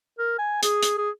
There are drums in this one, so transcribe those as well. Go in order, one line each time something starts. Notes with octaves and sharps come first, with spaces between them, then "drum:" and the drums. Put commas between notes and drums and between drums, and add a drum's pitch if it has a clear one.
A#4
G#5
G#4, drum: hi-hat
drum: hi-hat
G#4